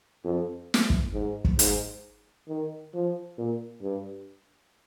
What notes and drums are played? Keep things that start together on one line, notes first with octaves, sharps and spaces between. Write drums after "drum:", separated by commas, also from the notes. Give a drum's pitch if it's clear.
F2
drum: snare
drum: kick
G#2
drum: kick
G#2, drum: hi-hat
D#3
F3
A#2
G2